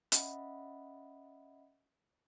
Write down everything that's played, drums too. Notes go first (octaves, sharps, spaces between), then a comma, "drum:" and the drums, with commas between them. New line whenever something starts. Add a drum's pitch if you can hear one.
C#4 D#5 E5 F#5 B5, drum: hi-hat